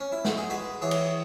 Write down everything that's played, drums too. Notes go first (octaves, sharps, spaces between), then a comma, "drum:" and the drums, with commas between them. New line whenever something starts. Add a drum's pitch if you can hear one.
C#4
E4
F#4, drum: snare
G#4
G#3 F#4 B4
E3 G#4 C#5
drum: cymbal